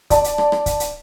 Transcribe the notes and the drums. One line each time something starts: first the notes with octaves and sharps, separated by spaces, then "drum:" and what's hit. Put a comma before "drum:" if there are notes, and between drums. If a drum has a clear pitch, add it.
D5 A5, drum: kick, hi-hat
drum: hi-hat
drum: rim click
drum: rim click
drum: kick, hi-hat
drum: hi-hat